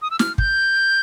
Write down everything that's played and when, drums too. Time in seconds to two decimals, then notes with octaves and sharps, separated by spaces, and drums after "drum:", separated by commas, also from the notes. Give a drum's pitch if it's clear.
0.02 D#6
0.11 E6
0.19 F6, drum: snare
0.38 G6, drum: kick